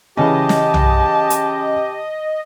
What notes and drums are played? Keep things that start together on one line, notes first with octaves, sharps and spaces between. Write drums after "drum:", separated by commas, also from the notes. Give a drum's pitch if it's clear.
C#3 E3 C#4 G4 D#5 A5
drum: snare
drum: tom
drum: hi-hat